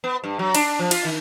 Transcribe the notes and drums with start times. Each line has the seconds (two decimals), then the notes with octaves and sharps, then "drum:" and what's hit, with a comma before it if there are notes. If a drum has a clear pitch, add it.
0.04 B3
0.24 G2
0.39 F#3
0.55 D4, drum: cymbal
0.79 F3
0.91 F4, drum: cymbal
1.05 D#3